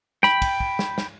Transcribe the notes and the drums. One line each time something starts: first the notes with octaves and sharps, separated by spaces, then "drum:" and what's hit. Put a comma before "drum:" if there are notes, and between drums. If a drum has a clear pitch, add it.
G5 B5, drum: snare
drum: kick, cymbal
drum: kick
drum: snare
drum: snare